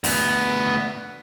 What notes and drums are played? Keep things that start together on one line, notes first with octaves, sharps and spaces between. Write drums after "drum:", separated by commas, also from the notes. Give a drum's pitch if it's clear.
D2 B3, drum: open hi-hat